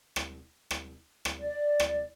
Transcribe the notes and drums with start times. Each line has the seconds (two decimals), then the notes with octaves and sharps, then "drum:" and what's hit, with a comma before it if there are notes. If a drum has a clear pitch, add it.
0.16 drum: rim click
0.71 drum: rim click
1.25 drum: rim click
1.39 D5
1.80 drum: rim click